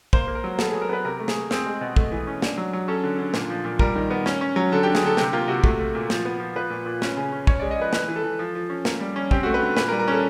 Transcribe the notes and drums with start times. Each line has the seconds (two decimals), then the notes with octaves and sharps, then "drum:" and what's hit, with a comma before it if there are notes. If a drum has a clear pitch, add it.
0.13 A#3 C5, drum: kick
0.27 A#3
0.35 A#4
0.44 F#3
0.59 B3 A4, drum: snare
0.70 F#3 G#4
0.81 A#4
0.89 B3 B4
1.05 C3 A#4
1.20 A3
1.28 G#4, drum: snare
1.36 A3
1.51 C4 G#4, drum: snare
1.66 G#3
1.81 B2
1.96 A3, drum: kick
2.12 E3
2.27 C#4
2.42 D4, drum: snare
2.58 F#3
2.73 F#3
2.88 C#4 A4
3.03 D3
3.19 D3
3.34 A#2, drum: snare
3.50 F3
3.65 A#2
3.79 G3 A#4, drum: kick
3.96 D#3
4.10 B3
4.26 C#4, drum: snare
4.41 C#4
4.56 F#3
4.72 D3 A4
4.83 D3 G4
4.95 G#4, drum: snare
5.03 D3 A4
5.17 C3 G4, drum: snare
5.33 A#3 F4
5.48 C3 F#4
5.64 A3, drum: kick
5.79 A3
5.95 A#2
6.10 F3, drum: snare
6.25 B3
6.40 F3
6.55 F3 B4
6.70 A#2
6.86 A#2
7.02 C#4, drum: snare
7.17 C#3
7.32 C#4
7.47 C#4 C#5, drum: kick
7.59 G#3 D5
7.71 D#5
7.78 F3 B4
7.93 E3 B4, drum: snare
8.08 E3
8.16 A4
8.24 E3
8.39 F3
8.55 F3
8.70 C#4
8.85 A#3, drum: snare
9.00 G3
9.16 C#4
9.31 C4 G4, drum: kick
9.43 A3 F#4
9.54 B4
9.62 D3
9.77 A#2 B4, drum: snare
9.89 A#4
9.92 G3
9.99 A#4
10.08 C#4 A4